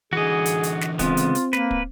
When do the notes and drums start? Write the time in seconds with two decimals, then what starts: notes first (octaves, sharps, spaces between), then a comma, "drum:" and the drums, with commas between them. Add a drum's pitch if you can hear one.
0.13 D3 E3 F#4 G#4 D#5
0.46 drum: hi-hat
0.63 drum: hi-hat
0.81 drum: snare
0.99 C#3 G#3 B3 C4 F4, drum: kick, hi-hat
1.17 drum: hi-hat
1.35 drum: hi-hat
1.53 A#3 B4, drum: snare
1.71 drum: kick